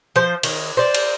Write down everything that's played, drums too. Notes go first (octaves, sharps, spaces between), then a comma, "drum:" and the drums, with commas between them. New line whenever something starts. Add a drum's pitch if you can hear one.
F3 C5
D#3, drum: cymbal
C5 D5
drum: cymbal